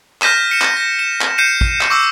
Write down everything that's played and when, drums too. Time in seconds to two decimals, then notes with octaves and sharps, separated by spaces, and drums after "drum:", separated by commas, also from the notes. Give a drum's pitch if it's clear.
0.22 F6 G6 A#6 B6 D#7 E7, drum: clap
0.51 C#7 E7
0.62 drum: clap
0.77 A#6
0.99 E7
1.21 drum: clap
1.38 G6 C7 C#7 D#7 E7
1.61 drum: kick
1.81 drum: clap
1.90 C#6 D6 E6 C#7